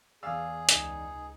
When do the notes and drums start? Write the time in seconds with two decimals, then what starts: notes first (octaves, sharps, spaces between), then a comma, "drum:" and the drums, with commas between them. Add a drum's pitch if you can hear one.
0.23 E2 G#4 D5 F5 E6
0.69 C#2 D#4, drum: hi-hat